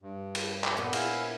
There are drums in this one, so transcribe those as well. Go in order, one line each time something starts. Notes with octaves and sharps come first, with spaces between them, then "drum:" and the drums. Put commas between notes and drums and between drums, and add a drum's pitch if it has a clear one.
G2
drum: cymbal
drum: clap
A#2 B3
E4 F5 G#5, drum: cymbal